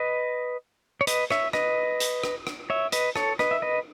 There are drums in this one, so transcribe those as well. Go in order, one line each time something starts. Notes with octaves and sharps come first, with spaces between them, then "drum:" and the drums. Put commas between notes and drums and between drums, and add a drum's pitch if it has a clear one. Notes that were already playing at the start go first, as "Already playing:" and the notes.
Already playing: B4 D#5
C#5
B4 D#5, drum: hi-hat
C#5 E5, drum: rim click
B4 D#5, drum: rim click
drum: hi-hat
drum: rim click
drum: rim click
C#5 E5
B4 D#5, drum: hi-hat
A4 C#5, drum: rim click
B4 D#5, drum: rim click
E5
B4 D#5